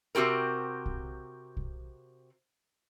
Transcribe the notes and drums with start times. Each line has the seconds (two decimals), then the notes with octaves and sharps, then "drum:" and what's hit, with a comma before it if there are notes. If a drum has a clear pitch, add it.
0.15 C3 C4 F#4 G4 A#4
0.86 drum: kick B1
1.57 drum: kick B1